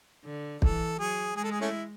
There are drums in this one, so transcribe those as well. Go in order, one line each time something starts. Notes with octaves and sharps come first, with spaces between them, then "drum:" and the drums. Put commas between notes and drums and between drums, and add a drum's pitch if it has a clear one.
D3
E3 A4, drum: kick
F#3 G#4
G#3 G#4
A4
G#4
A3 C#4 E4